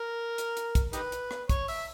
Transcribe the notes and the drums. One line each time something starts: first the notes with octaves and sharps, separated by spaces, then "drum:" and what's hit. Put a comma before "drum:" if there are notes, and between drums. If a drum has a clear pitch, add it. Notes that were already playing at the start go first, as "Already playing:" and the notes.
Already playing: A#4
drum: hi-hat
drum: hi-hat
drum: kick, hi-hat
D#4 G4 B4, drum: hi-hat
drum: hi-hat
drum: rim click
C#5, drum: kick, hi-hat
E5, drum: open hi-hat